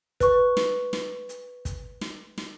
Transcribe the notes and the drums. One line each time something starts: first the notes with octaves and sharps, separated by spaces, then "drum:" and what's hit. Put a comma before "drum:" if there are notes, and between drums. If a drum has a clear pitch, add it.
B4 C#6, drum: kick, hi-hat
drum: snare
drum: snare
drum: hi-hat
drum: kick, hi-hat
drum: snare
drum: snare